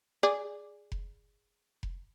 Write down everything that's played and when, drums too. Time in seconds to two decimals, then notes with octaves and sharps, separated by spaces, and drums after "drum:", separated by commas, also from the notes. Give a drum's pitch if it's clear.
0.23 G#4 D5
0.92 drum: kick F1
1.83 drum: kick F1